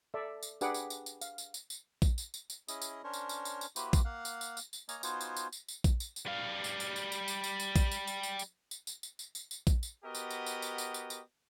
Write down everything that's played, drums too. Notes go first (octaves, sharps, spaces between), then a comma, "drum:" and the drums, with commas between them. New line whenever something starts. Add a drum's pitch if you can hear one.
A4 D5 E5
drum: tambourine
D4 G4 G#4 B4 F#5 D6, drum: tambourine
drum: tambourine
drum: tambourine
drum: tambourine
F5, drum: tambourine
drum: tambourine
drum: tambourine
drum: tambourine
drum: kick A#1, tambourine
drum: tambourine
drum: tambourine
drum: tambourine
C#4 E4 G#4 D#5, drum: tambourine
drum: tambourine
C#4 D4 A#4 C5 C#5
drum: tambourine
drum: tambourine
drum: tambourine
drum: tambourine
A#3 E4 F#4 G4 B4 C5, drum: tambourine
drum: kick A#1, tambourine
A#3 F5 F#5
drum: tambourine
drum: tambourine
drum: tambourine
drum: tambourine
A#3 C#5 D#5 G#5 A#5 F6, drum: tambourine
B3 D#4 F4 F#4 C5 G#5, drum: tambourine
drum: tambourine
drum: tambourine
drum: tambourine
drum: tambourine
drum: kick A#1, tambourine
drum: tambourine
drum: tambourine
G3 F5
drum: tambourine
drum: tambourine
drum: tambourine
drum: tambourine
drum: tambourine
drum: tambourine
drum: tambourine
drum: kick A#1, tambourine
drum: tambourine
drum: tambourine
drum: tambourine
drum: tambourine
drum: tambourine
drum: tambourine
drum: tambourine
drum: tambourine
drum: tambourine
drum: tambourine
drum: kick A#1, tambourine
drum: tambourine
B3 F#4 G4 A#4 D#5
drum: tambourine
drum: tambourine
drum: tambourine
drum: tambourine
drum: tambourine
drum: tambourine
drum: tambourine